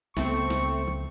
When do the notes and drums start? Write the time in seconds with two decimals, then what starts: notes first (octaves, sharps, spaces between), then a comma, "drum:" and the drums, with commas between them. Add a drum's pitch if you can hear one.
0.17 C#2 A3 B3 C4 C#6, drum: snare
0.50 drum: snare
0.88 drum: tom